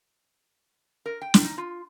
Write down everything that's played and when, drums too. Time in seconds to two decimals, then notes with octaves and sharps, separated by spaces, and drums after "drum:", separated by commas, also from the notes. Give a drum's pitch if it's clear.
1.06 A#4
1.22 G5
1.34 drum: snare
1.44 D#4
1.58 F4